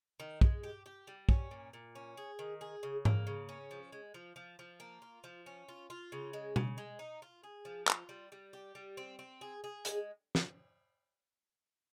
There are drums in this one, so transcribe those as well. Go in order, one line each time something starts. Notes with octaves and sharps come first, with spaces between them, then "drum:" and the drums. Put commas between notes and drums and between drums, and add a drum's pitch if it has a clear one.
D#3
G#3, drum: kick
G4
G4
G3
C#4, drum: kick
A#2
A#2
C#4
G#4
D#3
G#4
C#3
A#3, drum: tom G#2
C#3
C#4
F3
G#3
F3
F3
F3
A#3
F4
F3
C#4
F4
F4
C#3
G#3
C#3, drum: tom B2
G#3
D#4
F4
G#4
F3
F4, drum: clap
G3
G3
G4
G3
C4
C4
G#4
G#4
G#3, drum: hi-hat
drum: snare